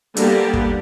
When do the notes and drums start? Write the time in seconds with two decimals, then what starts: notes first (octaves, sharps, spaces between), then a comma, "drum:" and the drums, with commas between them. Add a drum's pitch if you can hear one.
0.17 D3 G3 A#3 B3 G4, drum: hi-hat
0.54 drum: kick